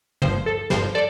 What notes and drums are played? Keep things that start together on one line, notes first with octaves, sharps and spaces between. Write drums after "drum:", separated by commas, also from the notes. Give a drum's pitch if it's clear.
G1 G2 F3 C5, drum: tom
A4
G1 G2 F3 C5, drum: snare
A4 D5